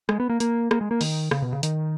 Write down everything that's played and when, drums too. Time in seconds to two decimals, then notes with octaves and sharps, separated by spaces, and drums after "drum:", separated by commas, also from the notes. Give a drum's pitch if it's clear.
0.09 G#3, drum: rim click
0.20 B3
0.29 A#3
0.40 A#3, drum: hi-hat
0.71 A#3, drum: rim click
0.81 G#3
0.91 A#3
1.01 D#3, drum: open hi-hat
1.31 C#3, drum: rim click
1.42 B2
1.53 C#3
1.63 D#3, drum: hi-hat